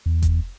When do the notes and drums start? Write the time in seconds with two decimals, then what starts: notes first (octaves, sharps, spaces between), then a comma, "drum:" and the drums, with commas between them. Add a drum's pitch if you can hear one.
0.06 E2
0.22 drum: kick F1, hi-hat